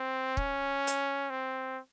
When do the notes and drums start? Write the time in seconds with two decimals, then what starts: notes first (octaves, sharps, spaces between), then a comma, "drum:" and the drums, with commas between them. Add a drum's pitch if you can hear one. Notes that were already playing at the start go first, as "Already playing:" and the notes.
Already playing: C4
0.37 C#4, drum: kick
0.87 drum: hi-hat
1.30 C4